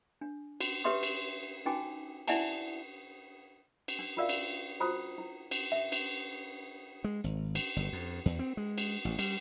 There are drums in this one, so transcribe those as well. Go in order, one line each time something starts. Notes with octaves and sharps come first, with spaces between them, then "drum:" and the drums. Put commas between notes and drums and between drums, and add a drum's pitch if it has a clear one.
D4
F#4, drum: cymbal
G4 B4 C#5 E5 C6 D#6
drum: cymbal
C#4 D#4 F#4 G5 G#5 D6
E4 D5 E5 F#5 G#5 A5, drum: cymbal
drum: cymbal
D4
F4 F#4 A#4 D5 E5 F5
drum: cymbal
F4 F#4 C5 A#5 D#6
E4
drum: cymbal
E5
drum: cymbal
G#3
G#1
drum: cymbal
G1
F2
E2
C4
G#3
drum: cymbal
A1
G3, drum: cymbal